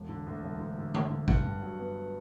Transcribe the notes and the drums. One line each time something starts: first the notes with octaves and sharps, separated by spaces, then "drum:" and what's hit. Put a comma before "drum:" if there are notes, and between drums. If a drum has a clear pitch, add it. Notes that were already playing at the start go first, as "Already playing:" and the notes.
Already playing: E1
D3
D2
E1
D2
D3
D3, drum: tom D3
D3
G2 F#5, drum: kick G#1
G2
F#3
B3